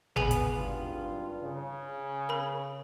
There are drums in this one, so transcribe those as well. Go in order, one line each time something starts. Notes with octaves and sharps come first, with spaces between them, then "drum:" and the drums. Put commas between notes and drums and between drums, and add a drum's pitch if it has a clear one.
B3 G#4 G#5 F#7, drum: tom G#1
drum: hi-hat
G#1 G2 F4
C#3
A#4 B5